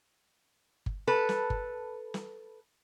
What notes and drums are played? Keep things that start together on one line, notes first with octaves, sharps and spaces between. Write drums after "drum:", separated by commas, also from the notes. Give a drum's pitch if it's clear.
drum: kick G1
A4 B4
drum: snare
drum: kick G1
drum: snare